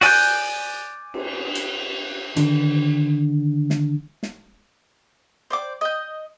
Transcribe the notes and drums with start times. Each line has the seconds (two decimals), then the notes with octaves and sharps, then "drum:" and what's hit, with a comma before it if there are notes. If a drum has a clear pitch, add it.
0.01 F#4 D5 G#5 F#6 G6, drum: open hi-hat
1.14 drum: cymbal
1.55 drum: hi-hat
2.36 D3 D#3, drum: hi-hat
3.70 drum: snare
4.23 drum: snare
5.50 C5 D5 D6
5.81 D#5 G6